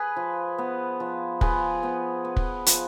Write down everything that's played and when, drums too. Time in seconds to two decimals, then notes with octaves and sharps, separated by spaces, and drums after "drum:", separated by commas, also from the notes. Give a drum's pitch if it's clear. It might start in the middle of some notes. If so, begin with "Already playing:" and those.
Already playing: G#4 B4
0.16 F3
0.58 B3
1.00 F3
1.41 F3 G#4 B4, drum: kick
1.83 B3
2.25 B3
2.36 drum: kick
2.66 F3, drum: hi-hat